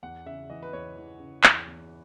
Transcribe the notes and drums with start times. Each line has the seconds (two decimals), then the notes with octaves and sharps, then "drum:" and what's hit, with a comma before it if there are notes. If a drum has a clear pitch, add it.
0.03 E2 F#5
0.26 C#3 E5
0.49 E3 D#5
0.63 B4
0.73 E2 C#5
0.97 E3
1.19 C#3
1.44 E2, drum: clap
1.67 E2